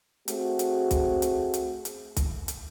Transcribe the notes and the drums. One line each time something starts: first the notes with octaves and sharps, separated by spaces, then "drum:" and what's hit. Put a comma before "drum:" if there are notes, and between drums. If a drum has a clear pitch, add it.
A3 C4 F#4 G#4, drum: hi-hat
drum: hi-hat
drum: kick, hi-hat
drum: hi-hat
drum: hi-hat
drum: hi-hat
drum: kick, hi-hat
drum: hi-hat